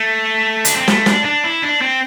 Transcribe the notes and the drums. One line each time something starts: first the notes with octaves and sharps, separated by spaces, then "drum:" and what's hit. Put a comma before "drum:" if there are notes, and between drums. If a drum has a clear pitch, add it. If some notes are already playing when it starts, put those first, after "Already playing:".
Already playing: A3
D4, drum: hi-hat
C4
A3, drum: snare
D4, drum: snare
D4
E4
D4
C4